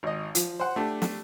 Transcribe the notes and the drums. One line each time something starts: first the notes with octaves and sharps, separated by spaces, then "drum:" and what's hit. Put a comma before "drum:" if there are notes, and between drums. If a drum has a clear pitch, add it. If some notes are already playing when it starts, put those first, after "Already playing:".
G#1 D#5
F3, drum: hi-hat
C5 F#5
A3 D4 G4
drum: snare